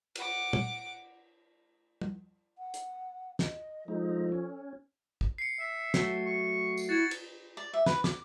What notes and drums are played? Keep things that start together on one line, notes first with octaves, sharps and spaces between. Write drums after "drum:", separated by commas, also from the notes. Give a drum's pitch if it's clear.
F#5 D6, drum: cymbal
drum: tom A#2
drum: tom
F#5
drum: hi-hat
D#5, drum: snare
F3 G#3 D#4 A4
C#4
drum: kick
C7 C#7
E5
F#3 A3, drum: snare
C#6
drum: tambourine
E4 F#4 G#6 A6
drum: cymbal
D5
E5
B4, drum: snare
D6, drum: snare